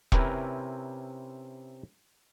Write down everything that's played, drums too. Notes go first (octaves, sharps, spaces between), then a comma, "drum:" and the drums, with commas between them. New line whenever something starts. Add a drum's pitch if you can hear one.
C3 C4 C#4 E4 A#4 B4, drum: kick E1